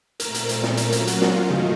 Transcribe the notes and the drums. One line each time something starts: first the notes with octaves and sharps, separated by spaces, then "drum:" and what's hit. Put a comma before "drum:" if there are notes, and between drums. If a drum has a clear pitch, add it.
A#2 A3 C4 A#4, drum: hi-hat
drum: hi-hat
drum: hi-hat
drum: snare
F#3 A#3 C#4 F4 A#4, drum: hi-hat
drum: hi-hat
F#4, drum: hi-hat
drum: snare
F#2 D#3 A3 D#4 F4 F#4
drum: tom